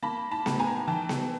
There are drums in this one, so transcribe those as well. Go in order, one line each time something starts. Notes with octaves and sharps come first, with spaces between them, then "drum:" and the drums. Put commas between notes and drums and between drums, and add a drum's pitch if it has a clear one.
A#3 A5 B5
A5 B5
A2, drum: snare B3
G#5 A#5
E3 G5 A5
drum: snare B3